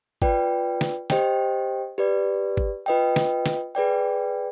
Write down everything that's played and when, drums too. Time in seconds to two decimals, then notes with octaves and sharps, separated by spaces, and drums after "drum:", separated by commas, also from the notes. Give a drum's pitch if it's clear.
0.22 F4 B4 D5 G5, drum: kick G1
0.81 drum: snare
1.10 G4 C5 D#5 G5, drum: snare
1.98 G4 B4 D5
2.57 drum: kick G1
2.86 F4 B4 D#5 G5
3.16 drum: snare
3.46 drum: snare
3.75 G#4 B4 D5 G5